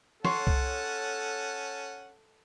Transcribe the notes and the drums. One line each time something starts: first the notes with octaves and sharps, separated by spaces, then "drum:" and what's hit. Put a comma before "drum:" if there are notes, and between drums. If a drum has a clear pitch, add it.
C#4 A4 C#5 F#5 A5 C6, drum: snare
drum: kick C2